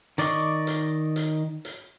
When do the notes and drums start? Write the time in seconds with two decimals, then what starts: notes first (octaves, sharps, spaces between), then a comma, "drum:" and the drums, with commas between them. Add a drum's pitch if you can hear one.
0.18 D#3 D5 D#5 C#6 D6, drum: hi-hat
0.67 drum: hi-hat
1.16 drum: hi-hat
1.65 drum: hi-hat